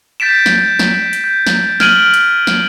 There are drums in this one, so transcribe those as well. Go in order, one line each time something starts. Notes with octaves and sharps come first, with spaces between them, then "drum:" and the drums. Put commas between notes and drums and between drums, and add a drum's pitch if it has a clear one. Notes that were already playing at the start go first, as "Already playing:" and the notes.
G6 A6 B6 D7 E7
drum: snare
drum: snare
drum: hi-hat
G6
drum: snare
F6 G#6 D7 D#7 F#7 G7, drum: snare
drum: hi-hat
drum: snare